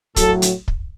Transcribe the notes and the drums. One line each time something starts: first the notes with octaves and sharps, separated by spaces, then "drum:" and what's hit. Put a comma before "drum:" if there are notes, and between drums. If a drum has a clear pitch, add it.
A2 F#3 A4, drum: kick, hi-hat
drum: hi-hat
drum: kick